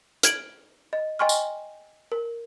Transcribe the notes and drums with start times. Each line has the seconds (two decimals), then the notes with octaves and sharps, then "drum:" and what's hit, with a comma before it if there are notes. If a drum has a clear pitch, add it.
0.23 F6 G#6 D7 F#7, drum: hi-hat
0.93 D#5
1.19 D#5 G5 G#5 C6 C#6 F6
1.29 drum: tambourine
2.12 A#4